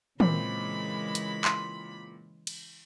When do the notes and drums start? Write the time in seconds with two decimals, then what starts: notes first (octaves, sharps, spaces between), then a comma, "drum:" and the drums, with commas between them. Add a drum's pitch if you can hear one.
0.20 A#2 C#3 E3 G#3 C4 B5, drum: tom
1.15 drum: hi-hat
1.45 C6, drum: clap
2.47 drum: cymbal